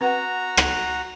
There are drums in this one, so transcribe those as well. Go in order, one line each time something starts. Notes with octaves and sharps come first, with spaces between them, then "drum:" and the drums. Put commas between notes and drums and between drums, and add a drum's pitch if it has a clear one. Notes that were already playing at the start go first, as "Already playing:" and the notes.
C4 F#4 B4 F#5 A#5
drum: rim click